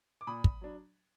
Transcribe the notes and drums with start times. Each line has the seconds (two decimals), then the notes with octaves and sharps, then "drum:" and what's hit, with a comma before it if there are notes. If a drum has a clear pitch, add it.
0.21 D6
0.27 A#2 B5 D#6
0.44 drum: kick
0.61 F#3 D4